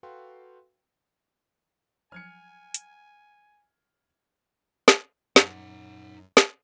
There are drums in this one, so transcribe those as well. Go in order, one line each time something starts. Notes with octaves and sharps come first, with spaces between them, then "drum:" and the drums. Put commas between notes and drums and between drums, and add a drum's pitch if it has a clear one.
F#4 A4 B4 F5 G5 C6
F3 F#3 G#5 F6 G#6 C#7
drum: hi-hat
drum: snare
F#2 D#4 F#5, drum: snare
drum: snare